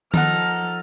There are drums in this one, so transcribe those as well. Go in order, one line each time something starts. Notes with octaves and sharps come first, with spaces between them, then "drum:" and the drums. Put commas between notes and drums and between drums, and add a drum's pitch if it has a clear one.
F3 D#4 A4 F#5 F6, drum: tom D#3